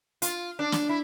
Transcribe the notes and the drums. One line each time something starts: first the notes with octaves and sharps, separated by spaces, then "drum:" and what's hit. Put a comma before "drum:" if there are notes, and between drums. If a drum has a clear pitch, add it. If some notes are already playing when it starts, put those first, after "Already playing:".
F4, drum: hi-hat
D4
drum: snare
E4